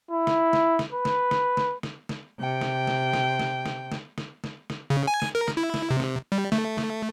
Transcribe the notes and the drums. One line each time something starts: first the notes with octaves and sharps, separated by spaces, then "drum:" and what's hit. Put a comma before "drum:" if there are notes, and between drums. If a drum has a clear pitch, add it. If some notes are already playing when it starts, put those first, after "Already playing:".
E4
drum: snare
drum: snare
drum: snare
B4
drum: snare
drum: snare
drum: snare
drum: snare
drum: snare
C3 G5
drum: snare
drum: snare
drum: snare
drum: snare
drum: snare
drum: snare
drum: snare
drum: snare
drum: snare
C#3
G#5
drum: snare
A#4
drum: snare
E4
drum: snare
C3
drum: snare
G3
A3, drum: snare
drum: snare